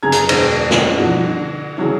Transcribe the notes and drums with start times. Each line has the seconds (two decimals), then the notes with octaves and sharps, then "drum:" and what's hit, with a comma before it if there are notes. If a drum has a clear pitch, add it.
0.03 F#2 C#3 G#4 A#5 G#6
0.12 drum: hi-hat
0.29 E1 D3 E4 C5, drum: cymbal
0.71 G#3 C#4 E4, drum: snare
0.97 B2 E3 F3 G3 D#4
1.29 D3
1.77 C#3 E3 F#3 C#4 E4